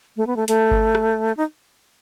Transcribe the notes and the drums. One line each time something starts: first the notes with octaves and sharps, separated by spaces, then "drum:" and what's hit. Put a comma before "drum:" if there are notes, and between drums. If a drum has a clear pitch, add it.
A3
B3
A3
A3, drum: hi-hat
drum: kick G1
drum: rim click
D#4